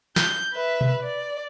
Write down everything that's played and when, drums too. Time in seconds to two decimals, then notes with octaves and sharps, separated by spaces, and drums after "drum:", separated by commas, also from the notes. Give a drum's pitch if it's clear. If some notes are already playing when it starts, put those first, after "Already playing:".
0.16 G6, drum: snare
0.53 B4 E5
0.81 drum: tom B2
1.03 D5